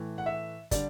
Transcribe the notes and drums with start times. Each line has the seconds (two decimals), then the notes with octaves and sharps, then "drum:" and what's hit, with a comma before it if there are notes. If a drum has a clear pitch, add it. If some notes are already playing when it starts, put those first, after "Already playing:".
Already playing: A2 E3 A3
0.18 F#5
0.26 E5
0.71 D3 G3 D5, drum: kick, hi-hat